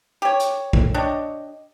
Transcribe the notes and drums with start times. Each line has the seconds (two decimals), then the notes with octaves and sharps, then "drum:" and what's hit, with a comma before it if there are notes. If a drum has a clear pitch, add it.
0.22 G4 C#5
0.40 drum: hi-hat
0.73 drum: kick B1
0.94 D4 G4 C#5 D#5